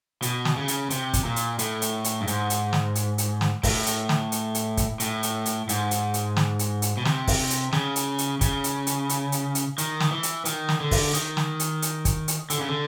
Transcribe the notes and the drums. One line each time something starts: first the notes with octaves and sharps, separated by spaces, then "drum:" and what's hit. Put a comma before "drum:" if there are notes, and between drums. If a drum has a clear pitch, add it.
B2, drum: hi-hat
drum: snare
C#3
drum: hi-hat
C3, drum: hi-hat
drum: kick, hi-hat
A#2
drum: hi-hat
A2, drum: hi-hat
drum: hi-hat
drum: hi-hat
G2
G#2, drum: hi-hat
drum: hi-hat
drum: snare
drum: hi-hat
drum: hi-hat
drum: snare
A2, drum: kick, open hi-hat
drum: hi-hat
drum: snare
drum: hi-hat
drum: hi-hat
drum: kick, hi-hat
A2, drum: hi-hat
drum: hi-hat
drum: hi-hat
G#2, drum: hi-hat
drum: hi-hat
drum: hi-hat
drum: snare
drum: hi-hat
drum: hi-hat
B2
C3, drum: snare
drum: kick, open hi-hat
drum: hi-hat
C#3, drum: snare
drum: hi-hat
drum: hi-hat
C#3, drum: kick, hi-hat
drum: hi-hat
drum: hi-hat
drum: hi-hat
drum: hi-hat
drum: hi-hat
D#3, drum: hi-hat
drum: snare
E3
drum: hi-hat
D#3, drum: hi-hat
drum: snare
D3
drum: kick, open hi-hat
D#3, drum: hi-hat
drum: snare
drum: hi-hat
drum: hi-hat
drum: kick, hi-hat
drum: hi-hat
D3, drum: hi-hat
C#3
D3